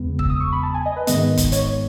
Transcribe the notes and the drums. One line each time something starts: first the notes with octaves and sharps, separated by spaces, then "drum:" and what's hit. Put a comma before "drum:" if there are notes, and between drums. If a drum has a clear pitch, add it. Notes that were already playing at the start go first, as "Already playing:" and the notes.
Already playing: E2 C#3 G#3 B3
E6, drum: kick
D#6
C#6
B5
A5
G#5
D#5
B4
G#2 D#3 G#3 B3 D#5, drum: hi-hat
drum: kick, hi-hat
C#5, drum: hi-hat